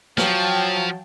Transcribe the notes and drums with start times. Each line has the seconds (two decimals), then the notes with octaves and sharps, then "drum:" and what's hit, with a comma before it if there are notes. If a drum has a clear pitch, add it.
0.18 F3 F#3 F5 G5 A5, drum: snare